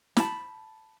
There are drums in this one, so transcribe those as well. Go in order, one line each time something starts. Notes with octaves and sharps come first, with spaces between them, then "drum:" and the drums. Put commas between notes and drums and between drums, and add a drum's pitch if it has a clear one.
A5 B5, drum: snare